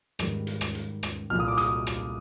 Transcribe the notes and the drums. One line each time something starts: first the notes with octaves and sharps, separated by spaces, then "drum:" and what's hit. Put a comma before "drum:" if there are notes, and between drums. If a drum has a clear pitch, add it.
G#2 D#3 G3, drum: rim click
drum: hi-hat
drum: rim click
drum: hi-hat
drum: rim click
C2 A#2 G3 F6
D#6
D6
D#6, drum: hi-hat
drum: rim click